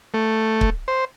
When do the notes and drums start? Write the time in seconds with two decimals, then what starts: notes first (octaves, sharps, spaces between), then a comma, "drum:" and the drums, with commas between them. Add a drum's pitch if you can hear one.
0.14 A3
0.61 drum: kick
0.88 C5